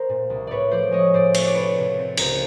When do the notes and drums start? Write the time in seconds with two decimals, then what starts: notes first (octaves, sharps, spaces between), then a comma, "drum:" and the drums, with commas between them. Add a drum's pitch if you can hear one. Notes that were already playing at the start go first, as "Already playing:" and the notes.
Already playing: A#4 C5
0.09 A#2
0.30 C2
0.47 A2 B4 C#5 D5
0.71 F3 C5 D5
0.91 G#3 C#5 D#5
1.14 A2 C5 D5
1.34 C4 C#5, drum: cymbal
1.46 D5
1.55 C3 B4 C#5
1.78 C3
1.98 C4
2.17 C#2 A#4 C5, drum: cymbal